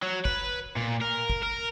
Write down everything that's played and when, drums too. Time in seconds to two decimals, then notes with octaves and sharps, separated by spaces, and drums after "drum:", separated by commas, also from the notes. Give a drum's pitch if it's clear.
0.03 F#3
0.25 B4, drum: kick
0.76 A#2
1.02 A#4
1.30 drum: kick
1.43 A#4